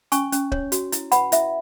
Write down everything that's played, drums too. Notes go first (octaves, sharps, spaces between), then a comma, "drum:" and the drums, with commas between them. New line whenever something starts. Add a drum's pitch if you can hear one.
C#4 G#5 C#6, drum: hi-hat
C#4, drum: hi-hat
C#5, drum: kick
F#4, drum: hi-hat
E4, drum: hi-hat
B4 F#5 B5, drum: hi-hat
E4 E5, drum: hi-hat